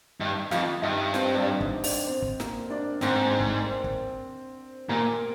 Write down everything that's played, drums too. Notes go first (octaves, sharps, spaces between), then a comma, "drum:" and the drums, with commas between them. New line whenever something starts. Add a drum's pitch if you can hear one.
G2 D#4 D#5
F2 F4 F5, drum: snare
G2 D#4 D#5
C4 C5, drum: snare
D4 D5
D#4 D#5, drum: kick
D4 D5, drum: open hi-hat
C4 C5
drum: kick
A#3 A#4, drum: snare
D4 D5
G#2 C4 C5, drum: snare
drum: kick
drum: kick
A#2 A#3 A#4